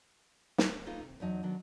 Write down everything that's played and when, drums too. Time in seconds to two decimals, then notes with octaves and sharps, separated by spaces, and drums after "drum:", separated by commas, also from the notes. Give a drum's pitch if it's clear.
0.58 drum: snare
0.86 A#3 D#4 F4 A4 B4
1.03 C3
1.20 E2 F#3 D#4 A5
1.43 D#3 F#3 B3 D4